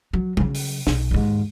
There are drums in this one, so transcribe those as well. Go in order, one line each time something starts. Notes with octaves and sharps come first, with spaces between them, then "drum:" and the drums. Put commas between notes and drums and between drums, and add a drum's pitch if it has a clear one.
F#3
C#3 F#3, drum: tom G3
drum: open hi-hat
B1, drum: snare
D#2 G#2